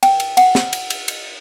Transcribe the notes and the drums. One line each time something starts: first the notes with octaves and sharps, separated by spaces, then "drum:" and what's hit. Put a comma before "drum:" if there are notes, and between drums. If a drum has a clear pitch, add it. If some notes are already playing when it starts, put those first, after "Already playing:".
G5, drum: cymbal
drum: cymbal
F#5, drum: cymbal
drum: snare
drum: cymbal
drum: cymbal
drum: cymbal